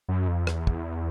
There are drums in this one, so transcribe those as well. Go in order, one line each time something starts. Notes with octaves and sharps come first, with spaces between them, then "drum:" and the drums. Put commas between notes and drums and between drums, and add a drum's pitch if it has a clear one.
F#2
F2
E2, drum: rim click
drum: kick